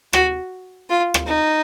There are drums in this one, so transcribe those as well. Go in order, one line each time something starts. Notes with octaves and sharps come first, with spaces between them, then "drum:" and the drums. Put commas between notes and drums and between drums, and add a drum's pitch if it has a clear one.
F#4, drum: rim click
F4
drum: rim click
D#4